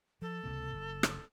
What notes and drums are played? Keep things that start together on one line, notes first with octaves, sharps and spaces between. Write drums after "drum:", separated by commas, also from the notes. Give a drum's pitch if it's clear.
F3 A4
C#2 C3 A#3
F#1
drum: rim click